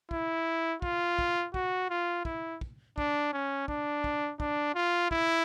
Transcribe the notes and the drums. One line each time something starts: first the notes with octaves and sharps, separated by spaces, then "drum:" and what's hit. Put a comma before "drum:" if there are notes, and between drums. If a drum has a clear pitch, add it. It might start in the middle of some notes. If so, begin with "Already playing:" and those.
E4, drum: kick
F4, drum: kick
drum: kick
F#4, drum: kick
F4
E4, drum: kick
drum: kick
D4, drum: kick
C#4
D4, drum: kick
drum: kick
D4, drum: kick
F4
E4, drum: kick